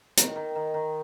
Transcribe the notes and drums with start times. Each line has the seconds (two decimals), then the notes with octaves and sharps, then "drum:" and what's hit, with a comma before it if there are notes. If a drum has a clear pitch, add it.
0.17 D#3, drum: hi-hat
0.36 D#3
0.55 D#3
0.74 D#3